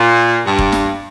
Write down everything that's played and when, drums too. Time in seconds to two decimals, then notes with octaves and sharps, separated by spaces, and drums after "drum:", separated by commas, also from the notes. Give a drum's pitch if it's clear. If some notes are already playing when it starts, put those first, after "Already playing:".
Already playing: A#2
0.45 G2
0.59 drum: kick
0.72 drum: snare